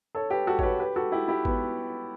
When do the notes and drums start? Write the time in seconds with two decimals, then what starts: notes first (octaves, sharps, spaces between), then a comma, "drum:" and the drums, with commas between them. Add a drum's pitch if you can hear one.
0.15 A4 C#5
0.30 G4 B4
0.47 F#4 A4
0.59 C#5, drum: kick G#1
0.63 G4 B4
0.79 G4 B4
0.96 F#4 A4
1.12 E4 G4
1.28 E4 G4
1.45 B3, drum: kick G#1